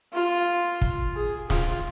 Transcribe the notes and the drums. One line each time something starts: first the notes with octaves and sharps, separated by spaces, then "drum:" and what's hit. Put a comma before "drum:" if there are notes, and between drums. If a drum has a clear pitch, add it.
F4
drum: kick
G#4
F4, drum: snare